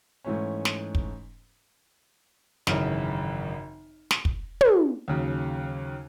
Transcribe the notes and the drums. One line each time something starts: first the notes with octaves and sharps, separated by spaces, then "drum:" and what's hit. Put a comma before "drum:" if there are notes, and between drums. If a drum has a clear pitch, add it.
G#2 E3 A3 C#4
drum: snare
drum: kick
G#1 F#2 C#3 E3, drum: snare
drum: snare
drum: kick
drum: tom
D#2 C#3 F#3